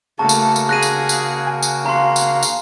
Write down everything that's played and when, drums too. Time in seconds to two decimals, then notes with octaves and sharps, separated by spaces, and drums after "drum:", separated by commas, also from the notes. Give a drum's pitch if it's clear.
0.19 C#3 A3 A#3 F#4 A4 A5
0.29 drum: tambourine
0.56 drum: tambourine
0.69 G#4 F#6 A#6 D#7
0.83 drum: tambourine
1.09 drum: tambourine
1.47 G#5
1.63 drum: tambourine
1.86 F5 A#5 C6
2.16 drum: tambourine
2.43 drum: tambourine